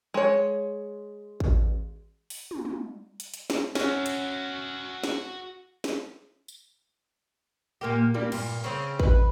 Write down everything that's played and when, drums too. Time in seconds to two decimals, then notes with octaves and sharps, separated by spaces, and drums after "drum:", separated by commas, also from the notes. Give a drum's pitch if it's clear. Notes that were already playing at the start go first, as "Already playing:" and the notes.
0.14 G#3 C#5
1.40 drum: kick A1
2.30 drum: open hi-hat
2.51 drum: tom
2.65 drum: tom
3.20 drum: hi-hat
3.34 drum: hi-hat
3.50 drum: snare
3.75 C#4 F#4 E5, drum: snare
4.06 drum: hi-hat
5.04 drum: snare
5.84 drum: snare
6.48 drum: tambourine
7.81 A#2 A#3 G4
8.14 G3 A#3, drum: tom
8.32 G2 A#2, drum: cymbal
8.64 C#3 C4
9.00 B4, drum: kick A1